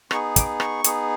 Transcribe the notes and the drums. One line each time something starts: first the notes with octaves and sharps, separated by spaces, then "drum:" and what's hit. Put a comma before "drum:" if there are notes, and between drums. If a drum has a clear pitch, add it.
B3 D#4 G#4 C#6, drum: rim click
D6, drum: kick, hi-hat
C#6, drum: rim click
B3 D#4 G#4, drum: hi-hat